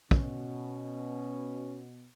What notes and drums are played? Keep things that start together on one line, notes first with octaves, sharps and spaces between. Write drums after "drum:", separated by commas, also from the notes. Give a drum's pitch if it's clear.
B2 C#4, drum: kick